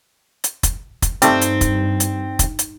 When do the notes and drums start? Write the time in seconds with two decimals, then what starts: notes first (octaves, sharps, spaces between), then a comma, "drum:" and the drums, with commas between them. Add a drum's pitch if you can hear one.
0.44 drum: hi-hat
0.63 drum: kick, hi-hat
1.02 drum: kick, hi-hat
1.22 G2 G3 A3 C4 D#4, drum: hi-hat
1.41 drum: hi-hat
1.61 drum: kick, hi-hat
2.00 drum: hi-hat
2.39 drum: kick, hi-hat
2.59 drum: hi-hat